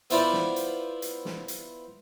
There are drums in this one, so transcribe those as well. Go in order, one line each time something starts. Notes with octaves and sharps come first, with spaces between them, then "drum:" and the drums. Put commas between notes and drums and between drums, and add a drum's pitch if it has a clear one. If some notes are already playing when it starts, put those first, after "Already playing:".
B3 E4 F4 C5 D5 B5, drum: hi-hat
drum: snare
drum: hi-hat
drum: hi-hat
drum: snare
drum: hi-hat